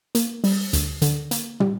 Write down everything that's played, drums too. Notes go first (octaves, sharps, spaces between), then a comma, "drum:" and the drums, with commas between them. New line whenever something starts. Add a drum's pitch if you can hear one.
A#3, drum: hi-hat
G3, drum: open hi-hat
D2, drum: hi-hat
D3, drum: hi-hat
A#3, drum: hi-hat
G3, drum: tom